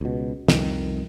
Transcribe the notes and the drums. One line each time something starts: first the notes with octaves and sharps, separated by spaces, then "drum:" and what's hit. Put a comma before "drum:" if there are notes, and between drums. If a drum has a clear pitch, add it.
C#2 B2
C2 F2 D#3, drum: snare